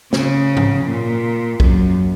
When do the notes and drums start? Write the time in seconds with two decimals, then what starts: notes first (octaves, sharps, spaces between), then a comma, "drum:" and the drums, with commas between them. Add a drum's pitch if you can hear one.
0.13 C#3, drum: snare
0.57 drum: tom G#2
0.86 A#2
1.60 F#2, drum: kick